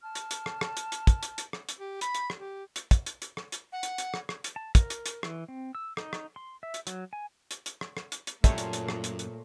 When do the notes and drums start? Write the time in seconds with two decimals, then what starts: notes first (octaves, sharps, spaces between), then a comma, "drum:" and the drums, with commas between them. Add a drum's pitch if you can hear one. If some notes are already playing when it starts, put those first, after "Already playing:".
0.02 A5 F6
0.15 drum: hi-hat
0.31 drum: hi-hat
0.46 drum: rim click
0.61 drum: rim click
0.77 drum: hi-hat
0.92 drum: hi-hat
1.07 drum: kick, hi-hat
1.23 drum: hi-hat
1.38 drum: hi-hat
1.53 drum: rim click
1.69 drum: hi-hat
1.80 G4
2.01 B5, drum: hi-hat
2.15 drum: hi-hat
2.30 drum: rim click
2.39 G4
2.76 drum: hi-hat
2.91 drum: kick, hi-hat
3.06 drum: hi-hat
3.22 drum: hi-hat
3.37 drum: rim click
3.52 drum: hi-hat
3.72 F#5
3.83 drum: hi-hat
3.98 drum: hi-hat
4.14 drum: rim click
4.29 drum: rim click
4.44 drum: hi-hat
4.56 A5
4.75 A#4, drum: kick, hi-hat
4.90 drum: hi-hat
5.06 drum: hi-hat
5.23 E3, drum: rim click
5.48 C4
5.75 E6
5.97 D#4, drum: rim click
6.13 drum: rim click
6.36 C6
6.63 E5
6.74 drum: hi-hat
6.87 F#3, drum: hi-hat
7.13 G#5
7.51 drum: hi-hat
7.66 drum: hi-hat
7.81 drum: rim click
7.97 drum: rim click
8.12 drum: hi-hat
8.27 drum: hi-hat
8.44 F#2 A#2 G3 A3 C5 C#5 E5, drum: kick, hi-hat
8.58 drum: hi-hat
8.73 drum: hi-hat
8.89 drum: rim click
9.04 drum: hi-hat
9.19 drum: hi-hat